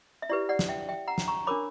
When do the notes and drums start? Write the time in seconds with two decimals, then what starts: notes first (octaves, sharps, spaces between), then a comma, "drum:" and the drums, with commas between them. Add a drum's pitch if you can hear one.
0.22 E5
0.29 E4 G4 B4 D5
0.49 D5 F#5
0.59 drum: snare
0.69 E5 G5
0.89 E5 G5
1.08 F#5 A#5
1.18 drum: snare
1.28 A#5 C#6
1.47 D4 A#4 C#5 B5 D6